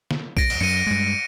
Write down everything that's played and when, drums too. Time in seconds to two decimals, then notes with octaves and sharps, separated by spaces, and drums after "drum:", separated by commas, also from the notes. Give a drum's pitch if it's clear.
0.11 drum: snare
0.37 A#6 D7, drum: kick B1
0.50 drum: cymbal
0.60 F#2 C#7 D#7
0.86 G2 G#3